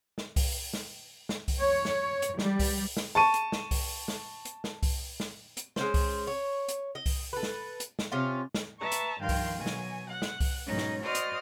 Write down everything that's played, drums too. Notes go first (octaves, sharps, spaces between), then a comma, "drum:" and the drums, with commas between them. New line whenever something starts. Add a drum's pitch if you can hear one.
drum: snare
drum: kick C2, open hi-hat
drum: snare
drum: snare
drum: kick C2, open hi-hat
C#5
drum: snare
drum: hi-hat
G3, drum: snare
drum: kick C2, open hi-hat
drum: snare
A5 C#6 D#7
drum: hi-hat
drum: snare
drum: kick C2, open hi-hat
drum: snare
drum: hi-hat
drum: snare
drum: kick C2, open hi-hat
drum: snare
drum: hi-hat
G#3 C#4 C5, drum: snare
drum: kick C2, open hi-hat
C#5
drum: hi-hat
D#5
drum: kick C2, open hi-hat
A4 B4
drum: snare
drum: hi-hat
drum: snare
C3 C#4 F4
drum: snare
B4 E5 A5 A#5 C#6
drum: hi-hat
G2 D#3 F3 F5 G5 C6
drum: kick C2, open hi-hat
B2 F#3 G#5
drum: snare
F#5 F#6
drum: snare
drum: kick C2, open hi-hat
G#2 B2 F#3 C#4 D#4
drum: snare
F#4 C5 D5 D#5 D#6 F6
drum: hi-hat